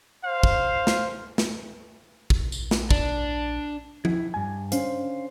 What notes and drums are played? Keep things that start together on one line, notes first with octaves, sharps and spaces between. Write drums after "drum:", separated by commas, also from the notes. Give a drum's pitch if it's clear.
C5 F5
drum: kick
drum: snare
drum: snare
A#1, drum: kick
drum: tambourine
drum: snare
D4, drum: kick
E4, drum: tom F3
G2 G#5
C#4 D4 C5 F5, drum: hi-hat